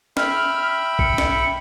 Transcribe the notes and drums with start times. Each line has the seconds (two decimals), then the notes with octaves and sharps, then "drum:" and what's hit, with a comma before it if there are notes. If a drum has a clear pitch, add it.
0.17 E5 G5 B5 F6, drum: snare
0.99 C#7, drum: kick A#1
1.18 drum: snare